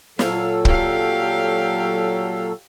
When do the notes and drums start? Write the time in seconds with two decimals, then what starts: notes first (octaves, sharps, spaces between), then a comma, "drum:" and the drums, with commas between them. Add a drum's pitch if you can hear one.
0.19 A#2 F#3 A4 F5, drum: snare
0.65 G4 F5, drum: kick